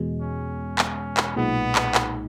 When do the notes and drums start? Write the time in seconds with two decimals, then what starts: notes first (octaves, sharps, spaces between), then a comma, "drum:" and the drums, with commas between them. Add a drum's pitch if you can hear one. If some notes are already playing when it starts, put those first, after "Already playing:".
Already playing: E2 B2 G#3
0.21 C#4
0.79 drum: clap
1.17 drum: clap
1.36 B1 A#2 G#3 B3 D#4
1.75 drum: clap
1.95 drum: clap